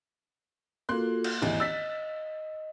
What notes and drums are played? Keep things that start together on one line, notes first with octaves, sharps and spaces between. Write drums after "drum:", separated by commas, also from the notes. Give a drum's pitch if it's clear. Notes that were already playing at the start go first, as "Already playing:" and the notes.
A#3 F4 F#4 A4 C6 F#6
drum: cymbal
G#1 D#2 E3 D#5
E6 A6 B6